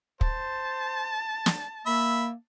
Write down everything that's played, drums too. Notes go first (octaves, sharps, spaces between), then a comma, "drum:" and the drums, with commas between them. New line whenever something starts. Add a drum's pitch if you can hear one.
C5 A5, drum: kick
drum: snare
A#3 E5 B5